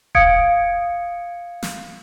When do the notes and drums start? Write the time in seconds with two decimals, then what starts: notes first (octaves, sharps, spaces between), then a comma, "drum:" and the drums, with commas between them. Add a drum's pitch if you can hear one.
0.15 F5 D#6 G#6 C#7 D7, drum: kick E1
1.63 drum: snare